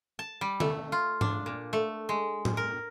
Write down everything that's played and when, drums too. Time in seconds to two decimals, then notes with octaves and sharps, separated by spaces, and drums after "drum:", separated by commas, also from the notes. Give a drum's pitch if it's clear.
0.19 A5
0.41 G3
0.60 A3, drum: tom D3
0.92 F4
1.21 D4, drum: tom G#2
1.46 A#2
1.73 A3
2.09 G#3
2.45 drum: tom A2
2.57 A#4